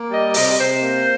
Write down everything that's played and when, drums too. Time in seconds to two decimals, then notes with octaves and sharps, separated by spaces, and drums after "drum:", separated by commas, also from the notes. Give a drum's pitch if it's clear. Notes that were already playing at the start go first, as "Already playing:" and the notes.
Already playing: A#3
0.11 G3 D#5
0.34 C3 D#5, drum: open hi-hat
0.58 C3 C5
0.82 A#3